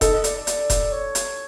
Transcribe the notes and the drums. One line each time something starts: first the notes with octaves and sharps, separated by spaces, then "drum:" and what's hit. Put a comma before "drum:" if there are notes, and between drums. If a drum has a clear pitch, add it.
A4 D#5, drum: kick F1, hi-hat
D#5
D5, drum: hi-hat
D5
drum: hi-hat
drum: kick F1, hi-hat
C#5
drum: hi-hat